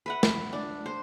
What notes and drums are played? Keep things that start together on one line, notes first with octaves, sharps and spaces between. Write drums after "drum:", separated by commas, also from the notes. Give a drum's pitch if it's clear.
B4 E5 F#5
drum: snare
D4
C5